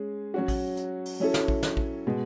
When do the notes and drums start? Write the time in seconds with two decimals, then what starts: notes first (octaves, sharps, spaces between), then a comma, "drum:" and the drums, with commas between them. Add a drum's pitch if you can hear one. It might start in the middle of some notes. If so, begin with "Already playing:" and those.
Already playing: G#3 C#4 G#4
0.34 F#3 C#4 F#4
0.48 drum: kick A1, open hi-hat
0.77 drum: hi-hat
1.06 drum: open hi-hat
1.20 F#3 C#4 E4 A4
1.34 drum: snare
1.48 drum: kick A1
1.63 drum: snare
1.77 drum: kick A1
2.07 B2 G#3